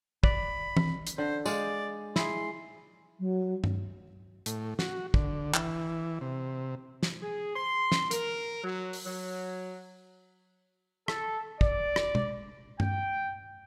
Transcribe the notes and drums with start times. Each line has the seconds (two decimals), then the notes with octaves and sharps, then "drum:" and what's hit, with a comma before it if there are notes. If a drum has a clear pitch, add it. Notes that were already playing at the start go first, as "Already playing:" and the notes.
0.24 D5 B5, drum: kick
0.77 drum: tom E3
1.07 drum: hi-hat
1.18 D3 C5
1.46 G#3 D5 F5, drum: tambourine
2.16 E4 G#4 C6, drum: snare
3.19 F#3
3.64 drum: tom G2
4.46 A2, drum: hi-hat
4.79 F#4, drum: snare
5.14 D3, drum: kick
5.54 E3, drum: clap
6.21 C3
7.03 drum: snare
7.23 G#4
7.56 C6
7.92 drum: snare
8.11 A#4, drum: hi-hat
8.64 F#3
8.93 drum: open hi-hat
9.06 F#3
11.08 A4, drum: rim click
11.61 D5, drum: kick
11.96 drum: rim click
12.15 drum: tom B2
12.80 G5, drum: tom G2